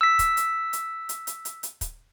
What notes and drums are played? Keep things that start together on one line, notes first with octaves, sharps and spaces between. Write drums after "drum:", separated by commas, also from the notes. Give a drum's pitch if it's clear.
E6 B6
drum: kick, hi-hat
drum: hi-hat
drum: hi-hat
drum: hi-hat
drum: hi-hat
drum: hi-hat
drum: hi-hat
drum: kick, hi-hat